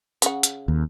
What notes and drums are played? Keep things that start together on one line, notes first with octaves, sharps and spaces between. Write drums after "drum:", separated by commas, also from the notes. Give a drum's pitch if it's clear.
C#3 F#5, drum: hi-hat
drum: hi-hat
D#2